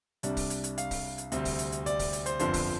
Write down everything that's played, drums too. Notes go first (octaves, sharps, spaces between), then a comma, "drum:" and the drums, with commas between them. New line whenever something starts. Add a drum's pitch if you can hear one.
C2 C3 G3 D4, drum: hi-hat
drum: kick, open hi-hat
drum: hi-hat
drum: hi-hat
F5, drum: hi-hat
drum: kick, open hi-hat
drum: hi-hat
D2 C3 G3 C4, drum: hi-hat
drum: kick, open hi-hat
drum: hi-hat
drum: hi-hat
D5, drum: hi-hat
drum: kick, open hi-hat
drum: hi-hat
C5, drum: hi-hat
G1 F2 D3 F3 C5, drum: hi-hat
drum: kick, open hi-hat